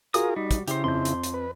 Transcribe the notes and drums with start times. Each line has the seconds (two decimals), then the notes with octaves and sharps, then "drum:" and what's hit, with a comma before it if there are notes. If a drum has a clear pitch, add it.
0.14 F4 F#4 G#4 A#4 D#6, drum: hi-hat
0.36 G3 D#4
0.51 drum: kick, hi-hat
0.68 C#3 E4 G4 C5, drum: hi-hat
0.84 F2 C6 G6
1.05 drum: hi-hat
1.24 drum: hi-hat
1.34 B4